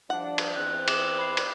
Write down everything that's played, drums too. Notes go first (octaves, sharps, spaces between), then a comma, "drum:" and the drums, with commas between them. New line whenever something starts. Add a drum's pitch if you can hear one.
F3 G3 D4 F#5
drum: cymbal
E2 E3 C4 F#6
D6 E7 F#7, drum: cymbal
B5 C7
drum: cymbal